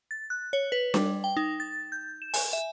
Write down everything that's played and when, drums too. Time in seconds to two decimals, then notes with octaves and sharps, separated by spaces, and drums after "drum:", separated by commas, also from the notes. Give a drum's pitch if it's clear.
0.11 A6
0.30 F#6
0.53 C#5
0.72 B4
0.94 G3, drum: snare D4
1.24 G5
1.37 D#4
1.60 A6
1.92 G6
2.22 E7
2.34 G#5, drum: open hi-hat
2.53 E5